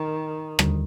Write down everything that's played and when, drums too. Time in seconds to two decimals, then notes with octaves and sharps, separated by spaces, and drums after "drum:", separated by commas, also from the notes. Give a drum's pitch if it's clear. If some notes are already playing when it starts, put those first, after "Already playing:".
Already playing: D#3
0.59 D#2 D3 G3, drum: rim click